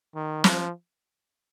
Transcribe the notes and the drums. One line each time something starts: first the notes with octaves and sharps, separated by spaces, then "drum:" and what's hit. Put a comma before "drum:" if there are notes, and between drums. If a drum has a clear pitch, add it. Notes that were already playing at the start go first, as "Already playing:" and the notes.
D#3
F3, drum: snare